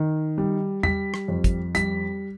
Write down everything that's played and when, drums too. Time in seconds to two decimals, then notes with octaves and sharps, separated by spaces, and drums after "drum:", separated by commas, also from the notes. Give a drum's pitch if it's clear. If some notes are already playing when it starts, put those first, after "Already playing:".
Already playing: D#3
0.38 G3
0.83 G3 B6, drum: tom E2
1.14 drum: rim click
1.28 F2
1.44 drum: kick, hi-hat
1.75 G3 B6, drum: hi-hat